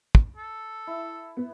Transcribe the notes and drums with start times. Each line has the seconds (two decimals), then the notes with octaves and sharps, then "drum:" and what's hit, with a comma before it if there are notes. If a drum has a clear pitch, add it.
0.15 drum: kick
0.36 A4
0.87 E4
1.37 B3